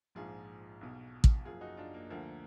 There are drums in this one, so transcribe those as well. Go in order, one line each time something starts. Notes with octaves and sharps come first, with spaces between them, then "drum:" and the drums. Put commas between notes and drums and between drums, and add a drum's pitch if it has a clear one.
A#1 G#2 F3 F4 G#4
B1 B2
drum: kick
F#1 F#2 F3 F4 G#4
D#4 F#4
D4 F4
A#3
D2 D3 F3 A#3